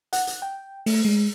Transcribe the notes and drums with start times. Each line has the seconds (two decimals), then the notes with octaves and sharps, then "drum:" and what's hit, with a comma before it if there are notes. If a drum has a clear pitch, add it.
0.13 F#5, drum: hi-hat
0.27 drum: hi-hat
0.42 G5
0.86 A3, drum: open hi-hat
1.05 G#3